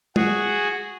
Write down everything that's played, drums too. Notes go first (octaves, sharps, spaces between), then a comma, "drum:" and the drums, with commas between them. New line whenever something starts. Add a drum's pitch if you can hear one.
F#4 G#4, drum: tom